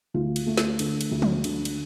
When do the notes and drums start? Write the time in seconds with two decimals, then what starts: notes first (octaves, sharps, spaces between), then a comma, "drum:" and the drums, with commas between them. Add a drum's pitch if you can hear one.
0.14 D2 F4
0.36 drum: cymbal
0.47 A3
0.58 drum: snare
0.79 D3, drum: cymbal
1.01 drum: cymbal
1.11 D2
1.22 drum: tom
1.44 D3, drum: cymbal
1.65 drum: cymbal